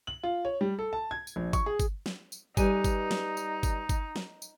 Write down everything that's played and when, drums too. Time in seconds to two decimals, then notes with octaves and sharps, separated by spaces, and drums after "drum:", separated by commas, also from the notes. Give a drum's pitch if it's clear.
0.07 F#7
0.23 F4
0.45 C#5
0.61 G3
0.79 A4
0.93 A5
1.11 G#6
1.27 drum: tambourine
1.36 A#1
1.53 C#6, drum: kick G1, tambourine
1.66 G#4
1.80 drum: kick G1, tambourine
2.06 drum: snare
2.32 drum: tambourine
2.57 G3 D#4 B4 G#5, drum: kick G1, tambourine
2.84 drum: kick G1, tambourine
3.11 drum: snare
3.37 drum: tambourine
3.63 drum: kick G1, tambourine
3.89 drum: kick G1, tambourine
4.16 drum: snare
4.42 drum: tambourine